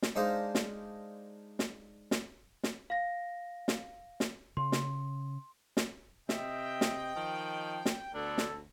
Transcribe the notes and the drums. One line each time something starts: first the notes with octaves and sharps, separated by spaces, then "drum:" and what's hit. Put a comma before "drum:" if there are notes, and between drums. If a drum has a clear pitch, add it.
drum: snare
G#3 D4 D#4 C5 D#5 F5
drum: snare
drum: snare
drum: snare
drum: snare
F5 A#6
drum: snare
drum: snare
C#3 C6
drum: snare
drum: snare
C3 D#5 E5 G5, drum: snare
drum: snare
D#3 F3
drum: snare
D2 D3 B3 D4 A4
drum: snare